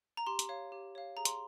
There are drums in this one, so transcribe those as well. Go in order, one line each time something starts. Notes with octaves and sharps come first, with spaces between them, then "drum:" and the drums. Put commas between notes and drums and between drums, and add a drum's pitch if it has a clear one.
A#5
G4 C6
drum: hi-hat
C#5 F5
G4
C#5 F5
G#4 A#5
C6, drum: hi-hat